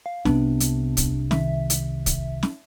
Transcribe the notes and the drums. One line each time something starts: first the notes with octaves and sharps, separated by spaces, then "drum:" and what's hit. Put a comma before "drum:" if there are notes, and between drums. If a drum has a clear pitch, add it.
F5
C2 C3 B3 D4, drum: snare
drum: hi-hat
drum: kick, hi-hat
D#3 E5, drum: snare
drum: hi-hat
drum: kick, hi-hat
drum: snare